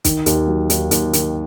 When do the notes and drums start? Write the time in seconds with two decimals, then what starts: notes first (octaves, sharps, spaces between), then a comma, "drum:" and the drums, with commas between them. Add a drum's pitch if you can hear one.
0.05 D#3, drum: kick, hi-hat
0.26 D#2, drum: hi-hat
0.48 F#3
0.70 D#2, drum: hi-hat
0.91 D#2, drum: hi-hat
1.13 D#3, drum: hi-hat